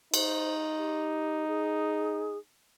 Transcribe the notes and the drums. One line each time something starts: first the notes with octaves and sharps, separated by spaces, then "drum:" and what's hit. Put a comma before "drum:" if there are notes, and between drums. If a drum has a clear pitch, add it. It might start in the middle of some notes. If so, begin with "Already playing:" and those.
D#4 C5, drum: cymbal
G4
G#4